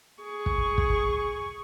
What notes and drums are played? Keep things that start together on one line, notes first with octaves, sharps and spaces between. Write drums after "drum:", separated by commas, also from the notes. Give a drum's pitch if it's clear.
G#4 C#6
drum: kick
drum: kick